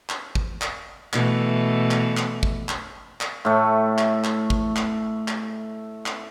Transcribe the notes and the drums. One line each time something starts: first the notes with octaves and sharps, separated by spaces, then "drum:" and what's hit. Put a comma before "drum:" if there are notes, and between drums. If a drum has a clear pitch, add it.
drum: clap
drum: kick
drum: clap
B2 E3 A3, drum: clap
drum: clap
drum: clap
drum: kick
drum: clap
drum: clap
A2 A3
drum: clap
drum: clap
drum: kick
drum: clap
drum: clap
drum: clap